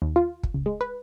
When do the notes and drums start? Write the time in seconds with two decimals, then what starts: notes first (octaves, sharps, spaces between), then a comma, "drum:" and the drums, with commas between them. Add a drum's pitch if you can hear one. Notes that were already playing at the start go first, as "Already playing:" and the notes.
0.02 D#2
0.16 F4
0.43 drum: kick
0.54 C#2
0.66 G#3
0.81 B4